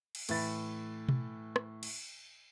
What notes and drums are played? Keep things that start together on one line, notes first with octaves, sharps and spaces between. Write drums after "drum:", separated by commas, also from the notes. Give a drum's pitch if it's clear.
drum: cymbal
A2 E3 E5 B5 A6, drum: cymbal
drum: tom B2
drum: rim click
drum: cymbal